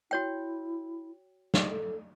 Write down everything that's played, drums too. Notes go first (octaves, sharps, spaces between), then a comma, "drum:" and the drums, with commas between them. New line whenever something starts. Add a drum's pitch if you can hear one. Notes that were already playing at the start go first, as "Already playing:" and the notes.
E4 F#4 C#5 G5
drum: snare
A4